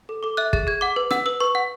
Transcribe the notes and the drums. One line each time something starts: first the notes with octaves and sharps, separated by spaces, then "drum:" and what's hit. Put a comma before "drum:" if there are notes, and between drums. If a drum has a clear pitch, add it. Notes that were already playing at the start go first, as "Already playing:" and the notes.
A4
A4 D6
E5 F#6
G#4 A6, drum: kick
G#4 G#6
F#5 D6
B4
F#5 E6, drum: rim click
B4 E6
B4 C#6
F#5